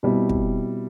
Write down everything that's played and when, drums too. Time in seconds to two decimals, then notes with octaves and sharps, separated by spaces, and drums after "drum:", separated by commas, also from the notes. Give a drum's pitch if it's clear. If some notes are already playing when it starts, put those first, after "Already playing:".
0.03 B2 G3 C4 E4
0.29 drum: kick